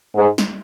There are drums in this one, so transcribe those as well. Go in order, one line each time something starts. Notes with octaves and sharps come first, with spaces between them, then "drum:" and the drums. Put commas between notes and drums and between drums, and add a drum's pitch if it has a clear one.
G#2
drum: snare